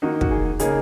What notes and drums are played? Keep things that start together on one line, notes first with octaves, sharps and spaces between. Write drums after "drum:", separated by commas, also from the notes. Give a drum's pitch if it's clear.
D#3 A#3 D#4 F#4
F#4, drum: kick
G#4
C#3 A#3 D#4 G#4, drum: hi-hat